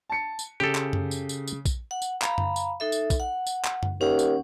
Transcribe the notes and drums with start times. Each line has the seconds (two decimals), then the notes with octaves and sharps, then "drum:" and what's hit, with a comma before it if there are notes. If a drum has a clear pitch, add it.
0.10 A5 C#7
0.39 drum: tambourine
0.60 C#3 G4 A4
0.75 drum: clap
0.93 drum: tom F#2
1.11 drum: tambourine
1.29 drum: tambourine
1.47 drum: tambourine
1.65 drum: kick, tambourine
1.91 F#5
2.02 drum: tambourine
2.22 F5 A#5 B5, drum: clap
2.38 drum: tom F#2
2.56 drum: tambourine
2.80 D#4 A4 E5
2.92 drum: tambourine
3.10 drum: kick, tambourine
3.20 F#5
3.46 drum: tambourine
3.65 drum: clap
3.83 drum: tom F#2
4.01 D#2 C#4 F#5
4.19 drum: tambourine